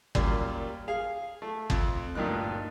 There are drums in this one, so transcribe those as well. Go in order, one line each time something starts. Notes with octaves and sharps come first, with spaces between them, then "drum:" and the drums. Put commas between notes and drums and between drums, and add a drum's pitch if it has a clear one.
F#2 A#2 G3, drum: kick
G#4 F5
A3
F2, drum: kick
D2 G2 A#2 D#4 F#6